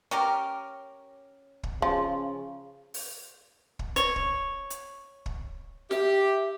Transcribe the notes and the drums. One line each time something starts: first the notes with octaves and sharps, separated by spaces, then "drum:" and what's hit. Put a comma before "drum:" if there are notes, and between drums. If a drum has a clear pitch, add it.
C#4 G4 A#4
drum: kick
C#3 F3
drum: open hi-hat
drum: kick
C#5, drum: hi-hat
drum: kick
drum: hi-hat
drum: kick
G4 E5, drum: snare